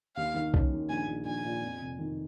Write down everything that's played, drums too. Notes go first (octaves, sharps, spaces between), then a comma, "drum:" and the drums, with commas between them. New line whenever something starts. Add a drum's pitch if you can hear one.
D#2 F5
D#3
C#4, drum: kick
D#3
A#1 G#5
A#1
A#1 G#5
A#2
F2
F1
D#3